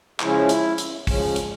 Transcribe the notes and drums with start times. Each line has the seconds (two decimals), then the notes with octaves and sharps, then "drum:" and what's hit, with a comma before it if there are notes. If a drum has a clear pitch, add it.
0.20 C#3 F3 G#3 C#4 E4, drum: clap
0.49 drum: hi-hat
0.78 drum: hi-hat
1.07 C#3 F3 G#3 C#4, drum: kick, open hi-hat
1.36 drum: hi-hat